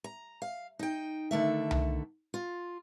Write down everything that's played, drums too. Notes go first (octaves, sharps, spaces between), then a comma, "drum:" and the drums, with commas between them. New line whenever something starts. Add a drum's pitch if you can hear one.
A#5
F5
D#4 G5
D3 D#3 A3 E5
drum: tom C2
F4